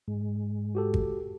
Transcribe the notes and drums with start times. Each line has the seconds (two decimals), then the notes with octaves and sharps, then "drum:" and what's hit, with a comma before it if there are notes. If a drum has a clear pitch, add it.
0.08 G#2 G#3
0.75 F#4 G4 A4
0.94 drum: kick G#1